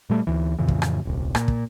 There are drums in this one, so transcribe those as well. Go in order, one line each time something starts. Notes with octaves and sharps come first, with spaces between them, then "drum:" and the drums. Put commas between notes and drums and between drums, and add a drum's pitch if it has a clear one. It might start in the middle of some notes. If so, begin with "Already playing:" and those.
A#2 G3 A3
D2 E3
F2 A2 C#3 E3
drum: kick
drum: rim click
D#1 C2
A#2, drum: rim click
drum: kick